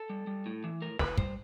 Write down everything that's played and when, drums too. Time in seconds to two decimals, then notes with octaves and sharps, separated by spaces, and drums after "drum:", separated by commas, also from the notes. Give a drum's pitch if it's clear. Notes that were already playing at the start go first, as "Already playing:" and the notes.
Already playing: A4
0.10 G3
0.27 G3
0.46 A2
0.64 E3
0.82 A2 A#4
0.99 A2 B4, drum: snare
1.17 G3 C5, drum: kick